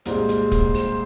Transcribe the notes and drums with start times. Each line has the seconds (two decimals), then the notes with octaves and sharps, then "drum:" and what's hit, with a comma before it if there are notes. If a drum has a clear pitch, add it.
0.05 C2 A#2 G#3 C5, drum: hi-hat
0.29 drum: hi-hat
0.52 drum: kick, hi-hat
0.74 drum: open hi-hat